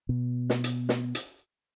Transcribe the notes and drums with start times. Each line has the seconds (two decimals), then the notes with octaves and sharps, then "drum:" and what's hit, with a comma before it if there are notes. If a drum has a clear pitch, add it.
0.09 B2
0.50 drum: snare
0.64 drum: hi-hat
0.89 drum: snare
1.15 drum: hi-hat